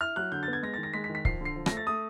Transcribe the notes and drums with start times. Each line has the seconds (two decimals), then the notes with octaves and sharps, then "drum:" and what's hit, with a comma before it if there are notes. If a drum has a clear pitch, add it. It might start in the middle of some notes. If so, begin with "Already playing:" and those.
0.01 E4 F6
0.16 F#3 F#6
0.32 D3 G6
0.43 A6
0.48 B3
0.53 G#6
0.62 G#3 A#6
0.74 A6
0.78 D#3
0.83 A#6
0.93 G#3 B6
1.04 B6
1.10 D#3
1.15 B6
1.25 F3 C7, drum: kick C#1
1.41 D3 C7
1.56 F3
1.66 A#6, drum: rim click
1.71 A3
1.77 A6
1.87 A3 D#6